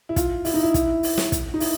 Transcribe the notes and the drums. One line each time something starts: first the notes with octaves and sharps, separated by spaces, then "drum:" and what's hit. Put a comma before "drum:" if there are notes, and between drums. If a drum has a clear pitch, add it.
E4
F4, drum: kick, hi-hat
E4, drum: open hi-hat
D#4
E4
drum: kick, hi-hat
drum: open hi-hat
drum: snare
drum: kick, hi-hat
D#4
E4, drum: open hi-hat